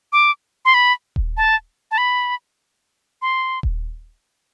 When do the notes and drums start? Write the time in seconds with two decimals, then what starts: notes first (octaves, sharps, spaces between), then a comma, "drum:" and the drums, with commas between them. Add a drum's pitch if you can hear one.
0.13 D6
0.65 C6
0.74 B5
1.16 drum: kick D#1
1.37 A5
1.91 A5
1.98 B5
3.22 C6
3.63 drum: kick D#1